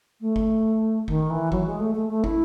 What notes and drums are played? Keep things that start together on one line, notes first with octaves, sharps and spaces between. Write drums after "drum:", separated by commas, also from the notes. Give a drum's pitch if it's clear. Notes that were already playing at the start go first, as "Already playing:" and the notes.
A3
drum: kick
D#3, drum: kick
E3
F#3, drum: kick
G#3
A3
A3
A3
E4, drum: kick